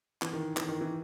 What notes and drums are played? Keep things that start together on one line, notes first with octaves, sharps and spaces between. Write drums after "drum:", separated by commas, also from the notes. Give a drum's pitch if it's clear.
E3, drum: clap
D#3
E3, drum: clap
D#3
E3